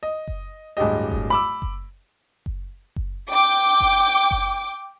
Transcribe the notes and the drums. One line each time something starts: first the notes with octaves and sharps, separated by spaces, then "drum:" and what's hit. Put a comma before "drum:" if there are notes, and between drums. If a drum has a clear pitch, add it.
D#5
drum: kick F#1
D1 G2 G#3 G4 D#5
drum: kick F#1
B5 D6 E6
drum: kick F#1
drum: kick F#1
drum: kick F#1
G5 D6
drum: kick F#1
drum: kick F#1